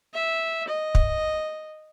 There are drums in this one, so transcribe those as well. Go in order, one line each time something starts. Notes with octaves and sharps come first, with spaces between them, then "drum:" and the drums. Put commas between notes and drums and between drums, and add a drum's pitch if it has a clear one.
E5
D#5
drum: kick